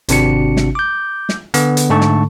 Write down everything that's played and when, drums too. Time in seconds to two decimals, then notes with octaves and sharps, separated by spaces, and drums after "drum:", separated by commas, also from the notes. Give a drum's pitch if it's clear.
0.09 G#1 C3 C4 D4 F#4 C#7, drum: hi-hat
0.57 drum: snare
0.75 D6 G6
1.29 drum: snare
1.54 D3 B3, drum: hi-hat
1.77 drum: hi-hat
1.90 G#2 D3 A3 A4 A5 C#6
2.01 drum: snare